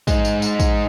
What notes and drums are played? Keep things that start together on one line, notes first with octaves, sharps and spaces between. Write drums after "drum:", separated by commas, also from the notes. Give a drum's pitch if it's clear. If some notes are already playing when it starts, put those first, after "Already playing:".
G#3 D#4, drum: kick, tambourine
drum: tambourine
drum: tambourine
drum: kick, tambourine